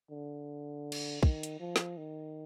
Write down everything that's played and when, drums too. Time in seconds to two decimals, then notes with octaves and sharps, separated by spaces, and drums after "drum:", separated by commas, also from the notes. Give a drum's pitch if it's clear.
0.11 D3
0.92 drum: cymbal
1.23 D#3, drum: kick
1.43 drum: hi-hat
1.60 F3
1.76 drum: snare
1.97 D#3